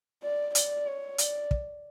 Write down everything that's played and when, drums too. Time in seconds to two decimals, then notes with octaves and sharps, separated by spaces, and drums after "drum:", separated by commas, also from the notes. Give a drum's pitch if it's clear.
0.23 D5
0.55 D5, drum: hi-hat
0.87 C#5
1.18 D5, drum: hi-hat
1.51 drum: kick